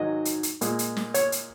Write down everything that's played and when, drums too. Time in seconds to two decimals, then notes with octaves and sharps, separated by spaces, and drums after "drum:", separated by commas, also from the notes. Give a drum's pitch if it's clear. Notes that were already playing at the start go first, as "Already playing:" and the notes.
Already playing: G#2 D#3 F#3 D#5
0.25 drum: hi-hat
0.43 drum: hi-hat
0.61 A#2 G#3, drum: hi-hat
0.79 drum: hi-hat
0.97 drum: snare
1.14 C#5, drum: hi-hat
1.32 drum: hi-hat